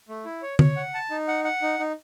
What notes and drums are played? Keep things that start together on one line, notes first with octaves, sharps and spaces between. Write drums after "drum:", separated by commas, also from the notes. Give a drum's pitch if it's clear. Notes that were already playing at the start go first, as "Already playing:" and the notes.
A3
E4
C#5
C#5, drum: tom D3
F#5
A5
D#4
F#5
F#5
D#4
D#4